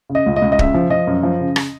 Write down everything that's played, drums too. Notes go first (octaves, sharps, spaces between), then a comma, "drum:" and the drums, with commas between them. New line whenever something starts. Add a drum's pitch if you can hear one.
C#3
D#5
C#2
D#5
C#2
D#5
C#3 E5, drum: kick
F3
F3 D#5
F#2
F3
C#3
drum: rim click